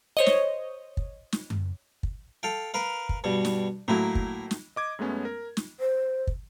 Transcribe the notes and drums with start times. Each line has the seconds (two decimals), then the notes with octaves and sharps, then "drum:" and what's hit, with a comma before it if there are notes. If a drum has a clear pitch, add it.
0.17 C5 C#5 D#5
0.26 drum: snare
0.97 drum: kick
1.32 drum: snare
1.50 drum: tom F#2
2.03 drum: kick
2.43 A4 F5 G5
2.74 A#4 B4 F5
3.09 drum: kick
3.24 G2 B2 G3
3.45 drum: snare
3.88 A2 F#3 A#3 E4
4.15 drum: kick
4.51 drum: snare
4.76 D#5 D6 G#6
4.99 F#2 G#3 A3 B3 C#4
5.25 A#4
5.57 drum: snare
5.80 C5
6.27 drum: kick